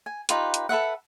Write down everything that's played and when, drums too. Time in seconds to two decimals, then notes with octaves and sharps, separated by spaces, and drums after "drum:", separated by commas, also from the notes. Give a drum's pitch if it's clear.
0.06 G#5
0.29 D#4 F4 G4 B4, drum: hi-hat
0.54 drum: hi-hat
0.69 A4 B4 E5 F#5